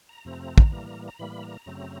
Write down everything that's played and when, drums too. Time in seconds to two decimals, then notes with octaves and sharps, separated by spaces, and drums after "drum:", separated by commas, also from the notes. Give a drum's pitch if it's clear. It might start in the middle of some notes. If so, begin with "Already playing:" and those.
0.09 A#5
0.25 F2 C3 F3 A3 C4
0.58 drum: kick
0.72 A2 E3 G3 A#3
1.08 A#5
1.19 A2 E3 G3 A#3 B5
1.43 A#5
1.66 F#2 C#3 F#3 A3 C4